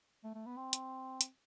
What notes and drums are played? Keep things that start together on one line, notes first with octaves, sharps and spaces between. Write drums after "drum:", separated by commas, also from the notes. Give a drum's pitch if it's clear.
A3
A3
B3
C4
drum: hi-hat
drum: hi-hat